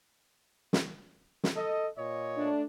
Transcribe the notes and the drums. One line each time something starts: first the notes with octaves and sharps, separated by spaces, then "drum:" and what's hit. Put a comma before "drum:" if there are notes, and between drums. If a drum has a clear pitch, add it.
drum: snare
drum: snare
A4 D#5
A#2 C#5 D#5
A3 D4